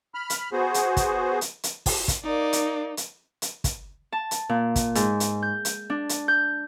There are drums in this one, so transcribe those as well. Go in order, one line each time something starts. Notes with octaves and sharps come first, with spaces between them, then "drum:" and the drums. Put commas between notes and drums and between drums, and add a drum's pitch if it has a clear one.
B5 F6
drum: hi-hat
B3 F#4 G#4 C5
drum: hi-hat
drum: kick, hi-hat
drum: hi-hat
drum: hi-hat
drum: kick, open hi-hat
drum: kick, hi-hat
A#3 D#4 D5
drum: hi-hat
drum: hi-hat
drum: hi-hat
drum: kick, hi-hat
A5
drum: hi-hat
A#2
drum: kick, hi-hat
G#2, drum: hi-hat
drum: hi-hat
G6
drum: hi-hat
D4
drum: hi-hat
G6